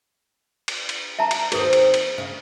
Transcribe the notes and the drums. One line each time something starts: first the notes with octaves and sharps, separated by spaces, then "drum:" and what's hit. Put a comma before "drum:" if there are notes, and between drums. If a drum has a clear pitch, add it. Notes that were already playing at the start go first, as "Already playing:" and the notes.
drum: cymbal
drum: cymbal
E5 A5 A#5
drum: cymbal
D#2 C4 G#4 B4 D#6, drum: cymbal
drum: cymbal
drum: cymbal
C#3 F5